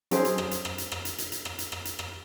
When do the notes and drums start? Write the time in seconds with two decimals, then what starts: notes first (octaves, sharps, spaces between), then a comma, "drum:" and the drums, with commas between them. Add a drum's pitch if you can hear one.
0.11 F#3 C#4 D#4 G#4 A4 C5, drum: hi-hat
0.25 drum: hi-hat
0.38 drum: rim click
0.51 drum: hi-hat
0.65 drum: rim click
0.78 drum: hi-hat
0.92 drum: rim click
1.05 drum: hi-hat
1.18 drum: hi-hat
1.32 drum: hi-hat
1.45 drum: rim click
1.59 drum: hi-hat
1.72 drum: rim click
1.85 drum: hi-hat
1.99 drum: rim click